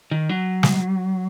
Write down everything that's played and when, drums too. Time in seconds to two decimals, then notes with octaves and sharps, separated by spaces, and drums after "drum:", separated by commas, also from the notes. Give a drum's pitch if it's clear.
0.11 D#3
0.29 F#3
0.63 drum: snare